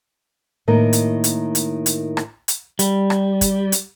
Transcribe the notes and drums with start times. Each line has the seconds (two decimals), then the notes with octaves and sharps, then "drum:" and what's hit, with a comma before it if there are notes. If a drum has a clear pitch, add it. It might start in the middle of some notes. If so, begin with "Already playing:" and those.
0.68 A2 D#3 A#3
0.93 drum: hi-hat
1.24 drum: hi-hat
1.55 drum: hi-hat
1.86 drum: hi-hat
2.17 drum: rim click
2.48 drum: hi-hat
2.79 G3, drum: hi-hat
3.10 drum: rim click
3.41 drum: kick, hi-hat
3.72 drum: hi-hat